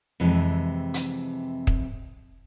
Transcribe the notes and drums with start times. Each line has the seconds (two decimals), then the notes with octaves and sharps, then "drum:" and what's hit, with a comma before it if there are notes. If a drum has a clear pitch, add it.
0.20 F2 C3 E3 G#3
0.94 drum: hi-hat
1.67 drum: kick